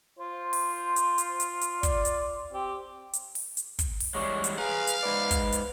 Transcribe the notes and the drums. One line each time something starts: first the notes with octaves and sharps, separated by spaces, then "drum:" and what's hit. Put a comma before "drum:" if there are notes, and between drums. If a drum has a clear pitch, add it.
F4 C5
drum: open hi-hat
drum: hi-hat
drum: hi-hat
drum: hi-hat
drum: hi-hat
D5, drum: kick, hi-hat
drum: hi-hat
C4 G4
drum: hi-hat
drum: open hi-hat
drum: hi-hat
drum: kick, hi-hat
drum: open hi-hat
E3 G3 G#3 C#5
drum: hi-hat
G#4 B4 F5 A#5
drum: hi-hat
G#2 B4 D5
drum: kick, hi-hat
drum: hi-hat